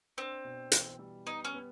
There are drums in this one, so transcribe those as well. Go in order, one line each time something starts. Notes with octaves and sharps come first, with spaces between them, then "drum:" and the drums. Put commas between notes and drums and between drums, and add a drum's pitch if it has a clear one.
C4 D4
B2
E3, drum: hi-hat
G3
B3 D#4
C#4
B3